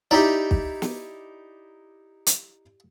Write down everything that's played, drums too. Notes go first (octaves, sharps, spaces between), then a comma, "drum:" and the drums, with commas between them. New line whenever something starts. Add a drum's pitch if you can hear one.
D#4 E4 G4 D5 A#5
drum: kick
drum: snare
drum: hi-hat